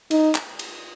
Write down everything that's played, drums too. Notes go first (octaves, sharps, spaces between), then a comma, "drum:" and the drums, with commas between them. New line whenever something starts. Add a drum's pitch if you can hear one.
D#4, drum: cymbal
drum: clap
drum: cymbal